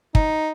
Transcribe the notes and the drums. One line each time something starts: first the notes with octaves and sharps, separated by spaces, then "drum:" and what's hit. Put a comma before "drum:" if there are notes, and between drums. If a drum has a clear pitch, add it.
D#4, drum: kick